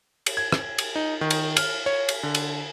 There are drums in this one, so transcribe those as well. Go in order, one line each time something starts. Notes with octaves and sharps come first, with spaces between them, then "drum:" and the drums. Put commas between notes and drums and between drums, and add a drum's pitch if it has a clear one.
drum: cymbal
G#6
drum: rim click
drum: cymbal
D#4
D#3
drum: cymbal
F6, drum: cymbal
C#5
drum: cymbal
D3
drum: cymbal